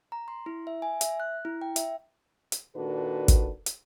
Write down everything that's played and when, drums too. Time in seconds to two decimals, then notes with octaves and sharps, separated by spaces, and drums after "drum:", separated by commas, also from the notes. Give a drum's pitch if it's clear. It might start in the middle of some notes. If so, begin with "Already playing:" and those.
0.12 A#5
0.28 C6
0.46 E4
0.67 E5
0.82 G#5
1.01 E5, drum: hi-hat
1.20 F#6
1.45 E4
1.62 G5
1.76 E5, drum: hi-hat
2.52 drum: hi-hat
2.76 A#2 D#3 D4 F#4 A4 B4
3.28 drum: kick, hi-hat
3.66 drum: hi-hat